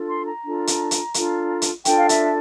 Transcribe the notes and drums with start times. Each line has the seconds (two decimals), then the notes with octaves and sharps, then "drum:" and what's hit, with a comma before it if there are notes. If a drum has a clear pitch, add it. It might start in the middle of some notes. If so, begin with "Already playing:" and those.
Already playing: D4 F4 A4
0.08 C6
0.26 A#5
0.44 D4 F4 A4
0.67 drum: hi-hat
0.91 drum: hi-hat
1.14 D4 F4 A4, drum: hi-hat
1.62 drum: hi-hat
1.85 D4 F4 A4 G5, drum: hi-hat
1.98 F5
2.09 E5, drum: hi-hat